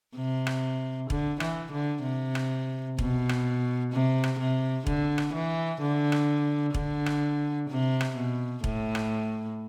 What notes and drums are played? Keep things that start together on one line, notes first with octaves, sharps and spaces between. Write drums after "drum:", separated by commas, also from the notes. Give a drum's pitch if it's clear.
C3
drum: rim click
D3, drum: kick E1
E3, drum: rim click
D3
C3
drum: rim click
B2, drum: kick E1
drum: rim click
C3
drum: rim click
C3
D3, drum: kick E1
drum: rim click
E3
D3
drum: rim click
D3, drum: kick E1
drum: rim click
C3
drum: rim click
B2
A2, drum: kick E1
drum: rim click